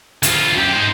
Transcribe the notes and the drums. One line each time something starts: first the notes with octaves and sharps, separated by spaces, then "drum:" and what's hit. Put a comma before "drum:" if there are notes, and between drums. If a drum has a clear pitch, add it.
D2 F4, drum: hi-hat
F#2 G4
D#4 C5